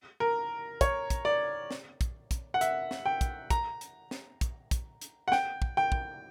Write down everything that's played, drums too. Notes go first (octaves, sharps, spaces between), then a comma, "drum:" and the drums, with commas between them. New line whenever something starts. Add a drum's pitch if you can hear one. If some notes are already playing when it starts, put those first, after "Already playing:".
A#4
C#5, drum: kick, hi-hat
drum: kick, hi-hat
D5
drum: snare
drum: kick, hi-hat
drum: kick, hi-hat
F#5
E5, drum: hi-hat
drum: snare
G5
drum: kick, hi-hat
A#5, drum: kick, hi-hat
drum: hi-hat
drum: snare
drum: kick, hi-hat
drum: kick, hi-hat
drum: hi-hat
F#5
G5, drum: snare
drum: kick
G5
drum: kick